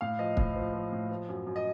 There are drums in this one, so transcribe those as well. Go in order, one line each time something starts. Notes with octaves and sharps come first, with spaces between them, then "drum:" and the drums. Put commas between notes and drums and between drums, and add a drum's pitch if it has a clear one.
A2 F5
F3 D#5
A2 D#5, drum: kick
F3
F3
A2
F3
F#2
F#2
D#5